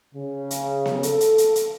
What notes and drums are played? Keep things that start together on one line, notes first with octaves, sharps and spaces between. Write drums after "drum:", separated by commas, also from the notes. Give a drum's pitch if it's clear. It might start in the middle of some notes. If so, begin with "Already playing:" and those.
C#3
drum: hi-hat
drum: snare B3
A4, drum: hi-hat
drum: hi-hat
drum: hi-hat
drum: hi-hat